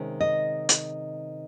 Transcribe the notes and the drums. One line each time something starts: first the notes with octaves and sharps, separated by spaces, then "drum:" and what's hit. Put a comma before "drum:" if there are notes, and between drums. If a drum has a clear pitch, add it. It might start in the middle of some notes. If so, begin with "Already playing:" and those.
Already playing: C3 D#3 G#3 C#4
D#5
drum: hi-hat